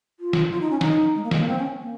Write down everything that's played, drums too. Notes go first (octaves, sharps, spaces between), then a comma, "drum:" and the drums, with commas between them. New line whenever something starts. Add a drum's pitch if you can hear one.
F4
drum: snare
F4
D#4
C#4
D#4, drum: snare
G#3
A#3
G#3, drum: snare
A#3
C4
C#4
A#3